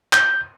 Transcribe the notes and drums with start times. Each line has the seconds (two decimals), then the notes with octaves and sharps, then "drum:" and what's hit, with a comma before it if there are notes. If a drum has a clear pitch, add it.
0.13 G6, drum: clap